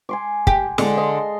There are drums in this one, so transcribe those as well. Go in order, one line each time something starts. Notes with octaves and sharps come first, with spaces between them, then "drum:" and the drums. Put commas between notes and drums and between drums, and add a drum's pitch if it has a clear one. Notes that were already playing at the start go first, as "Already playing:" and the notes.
G#5 C6 D6
G4, drum: kick
D3 G#3 A4, drum: snare
D#5 F5 C6